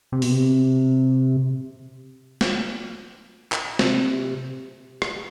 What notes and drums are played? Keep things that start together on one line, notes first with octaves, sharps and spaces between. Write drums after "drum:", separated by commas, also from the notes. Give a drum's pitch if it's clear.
C3
B2, drum: open hi-hat
C3
drum: snare
drum: clap
C3, drum: snare
drum: rim click